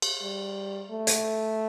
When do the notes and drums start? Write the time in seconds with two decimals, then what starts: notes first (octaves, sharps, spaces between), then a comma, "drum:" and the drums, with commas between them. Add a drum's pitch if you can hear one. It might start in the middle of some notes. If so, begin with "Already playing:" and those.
0.02 drum: cymbal
0.22 G3
0.91 A3
1.07 drum: hi-hat